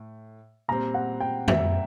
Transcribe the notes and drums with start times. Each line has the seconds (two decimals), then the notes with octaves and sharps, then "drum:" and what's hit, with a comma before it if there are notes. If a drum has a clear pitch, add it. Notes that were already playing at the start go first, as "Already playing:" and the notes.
Already playing: A2
0.68 A#2 G3 C4 A#5
0.94 F#5
1.20 G5
1.48 E5, drum: tom F2